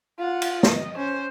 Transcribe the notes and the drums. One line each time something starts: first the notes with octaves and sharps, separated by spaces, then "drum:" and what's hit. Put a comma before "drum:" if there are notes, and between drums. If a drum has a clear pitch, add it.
F4 F#5
drum: cymbal
D#5, drum: snare
C#4 C5